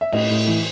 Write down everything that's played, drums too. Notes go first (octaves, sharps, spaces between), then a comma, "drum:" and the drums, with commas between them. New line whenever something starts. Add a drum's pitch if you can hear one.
E5
A2 D#5, drum: cymbal
A2
E3